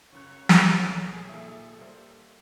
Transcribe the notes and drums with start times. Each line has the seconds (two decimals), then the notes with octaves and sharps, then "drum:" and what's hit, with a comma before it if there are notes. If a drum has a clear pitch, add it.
0.12 C#2 F#2 C#5 F#6
0.49 G#4, drum: snare
0.85 B1 A#3 A4 C#5
1.29 A#2 D#3 A#3 A4 E5
1.78 G3 A#3 C5